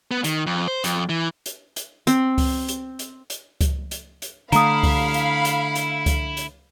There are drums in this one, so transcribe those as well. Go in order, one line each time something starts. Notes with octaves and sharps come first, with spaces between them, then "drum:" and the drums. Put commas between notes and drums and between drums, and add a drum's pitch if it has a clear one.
B3
D#3, drum: hi-hat
F2
C5
F2, drum: hi-hat
E3
drum: hi-hat
drum: hi-hat
C4, drum: hi-hat
drum: kick C#2, open hi-hat
drum: hi-hat
drum: hi-hat
drum: hi-hat
drum: kick C#2, hi-hat
drum: hi-hat
drum: hi-hat
D3 A3 E4 F5 A#5 B5 D#6, drum: hi-hat
drum: kick C#2, open hi-hat
drum: hi-hat
drum: hi-hat
drum: hi-hat
drum: kick C#2, hi-hat
drum: hi-hat